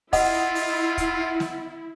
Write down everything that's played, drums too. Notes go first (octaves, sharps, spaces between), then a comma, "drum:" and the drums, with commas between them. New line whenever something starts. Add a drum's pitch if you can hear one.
E4 F4 D#5 F#5, drum: kick, open hi-hat
drum: open hi-hat
drum: kick, hi-hat
drum: snare